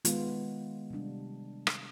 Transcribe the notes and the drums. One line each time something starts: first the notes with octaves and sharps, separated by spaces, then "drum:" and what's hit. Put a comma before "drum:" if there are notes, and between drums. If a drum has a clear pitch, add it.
D#3 G#3 B3 F4, drum: hi-hat
C3 G3 D4
drum: rim click